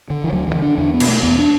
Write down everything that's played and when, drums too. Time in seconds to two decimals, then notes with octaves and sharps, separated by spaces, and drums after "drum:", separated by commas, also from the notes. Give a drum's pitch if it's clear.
0.10 D3
0.24 E3
0.32 D2 F#3
0.47 E3
0.55 D3
0.62 D4
0.78 E2 D4
0.94 B3
1.00 B2, drum: cymbal
1.08 A3
1.23 E2 B3
1.39 D4